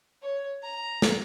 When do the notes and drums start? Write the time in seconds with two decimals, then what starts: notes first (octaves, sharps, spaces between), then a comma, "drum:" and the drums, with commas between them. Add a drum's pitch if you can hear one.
0.22 C#5
0.62 A#5
1.02 drum: snare